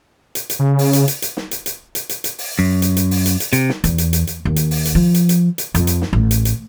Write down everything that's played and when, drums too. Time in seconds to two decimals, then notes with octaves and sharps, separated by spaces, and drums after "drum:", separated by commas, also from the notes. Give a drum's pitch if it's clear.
0.35 drum: hi-hat
0.50 drum: hi-hat
0.59 C#3
0.79 drum: open hi-hat
0.93 drum: hi-hat
1.08 drum: hi-hat
1.22 drum: hi-hat
1.37 drum: snare
1.51 drum: hi-hat
1.66 drum: hi-hat
1.95 drum: hi-hat
2.09 drum: hi-hat
2.24 drum: hi-hat
2.38 drum: open hi-hat
2.59 F#2
2.82 drum: hi-hat
2.97 drum: hi-hat
3.11 drum: open hi-hat
3.26 drum: hi-hat
3.40 drum: hi-hat
3.53 C3, drum: hi-hat
3.69 drum: snare
3.84 E2, drum: hi-hat
3.98 drum: hi-hat
4.13 drum: hi-hat
4.27 drum: hi-hat
4.45 D#2
4.56 drum: hi-hat
4.71 drum: open hi-hat
4.85 drum: hi-hat
4.95 F3
5.14 drum: hi-hat
5.29 drum: hi-hat
5.58 drum: hi-hat
5.75 F2, drum: hi-hat
5.87 drum: hi-hat
6.02 drum: snare
6.13 A1
6.31 drum: hi-hat
6.45 drum: hi-hat